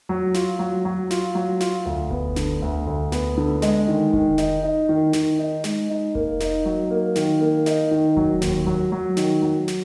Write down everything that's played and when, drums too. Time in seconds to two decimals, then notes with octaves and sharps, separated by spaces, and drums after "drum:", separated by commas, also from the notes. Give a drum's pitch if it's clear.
0.09 F#3
0.34 F4, drum: snare
0.59 F#3
0.85 F#3
1.11 F4, drum: snare
1.35 F#3
1.60 F4, drum: snare
1.86 D2
2.11 B3, drum: kick F1
2.36 D3, drum: snare
2.62 D2
2.87 D2
3.12 B3, drum: snare
3.37 D3
3.62 G#3, drum: snare
3.88 D#3
4.13 D#3, drum: kick F1
4.38 D#4, drum: snare
4.64 D#4
4.89 D#3
5.13 D#3, drum: snare
5.39 D#4
5.64 G#3, drum: snare
5.90 D#4
6.15 A#3, drum: kick F1
6.40 D#4, drum: snare
6.65 F#3
6.91 A#3
7.16 D#3, drum: snare
7.41 A#3
7.66 D#4, drum: snare
7.91 D#3
8.17 F#3, drum: kick F1
8.42 D#2, drum: snare
8.66 F#3
8.92 F#3
9.17 D#3, drum: snare
9.42 F#3
9.68 drum: snare